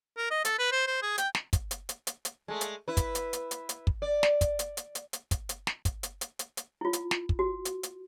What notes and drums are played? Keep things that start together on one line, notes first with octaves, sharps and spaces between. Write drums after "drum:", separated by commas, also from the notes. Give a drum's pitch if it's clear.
A#4
D#5
A4, drum: hi-hat
B4
C5
C5
G#4
G5, drum: hi-hat
drum: snare
drum: kick, hi-hat
drum: hi-hat
drum: hi-hat
drum: hi-hat
drum: hi-hat
G#3 A3
drum: hi-hat
E4 B4
drum: kick, hi-hat
drum: hi-hat
drum: hi-hat
drum: hi-hat
drum: hi-hat
drum: kick
D5
drum: snare
drum: kick, hi-hat
drum: hi-hat
drum: hi-hat
drum: hi-hat
drum: hi-hat
drum: kick, hi-hat
drum: hi-hat
drum: snare
drum: kick, hi-hat
drum: hi-hat
drum: hi-hat
drum: hi-hat
drum: hi-hat
E4 F4
drum: hi-hat
drum: snare
drum: kick
F#4
drum: hi-hat
drum: hi-hat